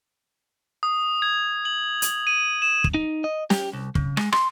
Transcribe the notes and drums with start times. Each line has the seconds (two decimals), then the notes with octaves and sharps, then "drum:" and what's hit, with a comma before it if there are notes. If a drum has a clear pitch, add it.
0.83 D#6
1.22 G#6
1.65 F#7
2.02 drum: hi-hat
2.27 D#7
2.62 E7
2.84 drum: kick
2.94 D#4
3.24 D#5
3.50 G4, drum: snare
3.73 C2
3.95 C#3, drum: kick
4.17 G#3, drum: rim click
4.32 C6, drum: rim click